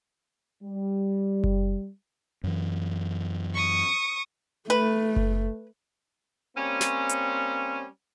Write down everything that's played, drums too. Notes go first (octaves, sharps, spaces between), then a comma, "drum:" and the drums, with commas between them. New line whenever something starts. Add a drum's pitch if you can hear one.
G3
drum: kick F#1
F#2 E3
C#6 D#6
A3 B4
drum: kick F#1
G3 A#3 C4 C#4
drum: snare
drum: hi-hat